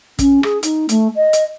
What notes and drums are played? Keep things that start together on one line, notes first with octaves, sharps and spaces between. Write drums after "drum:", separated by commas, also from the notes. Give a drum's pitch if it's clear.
C#4, drum: kick, hi-hat
G#4, drum: rim click
D#4, drum: hi-hat
A3, drum: hi-hat
D#5
drum: hi-hat